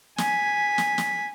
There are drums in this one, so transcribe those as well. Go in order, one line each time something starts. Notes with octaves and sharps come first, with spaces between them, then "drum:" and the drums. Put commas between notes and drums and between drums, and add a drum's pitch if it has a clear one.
G#5 B6, drum: snare
drum: snare
drum: snare